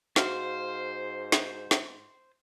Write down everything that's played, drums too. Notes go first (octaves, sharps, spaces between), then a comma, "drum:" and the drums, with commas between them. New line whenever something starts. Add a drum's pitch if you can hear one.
G#2 F#4 C5 F5, drum: snare
drum: snare
drum: snare